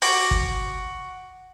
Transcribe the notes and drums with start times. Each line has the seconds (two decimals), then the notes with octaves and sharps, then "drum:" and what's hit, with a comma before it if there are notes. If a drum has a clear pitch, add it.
0.02 F#4 D6, drum: open hi-hat
0.31 drum: kick